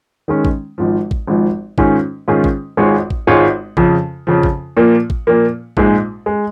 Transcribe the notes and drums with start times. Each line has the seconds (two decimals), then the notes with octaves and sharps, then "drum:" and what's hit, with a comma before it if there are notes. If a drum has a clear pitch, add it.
0.28 D#3 G#3 C#4
0.45 drum: kick A1
0.78 G#1 G#2 F3
1.11 drum: kick A1
1.27 G#1 G#2 F3
1.78 G#2 D#3 C#4 F4 G#4, drum: kick A1
2.28 G#2 D#3 C#4 F4 G#4
2.44 drum: kick A1
2.77 G#1 G#2 G#3 F4 C#5
3.10 drum: kick A1
3.27 G#1 G#2 G#3 F4 C#5
3.77 F2 C#3 F3, drum: kick A1
4.27 F2 C#3 F3
4.43 drum: kick A1
4.77 A#2 F3 A#3
5.10 drum: kick A1
5.27 A#2 F3 A#3
5.77 A#1 G#2 G#3, drum: kick A1
6.26 G#3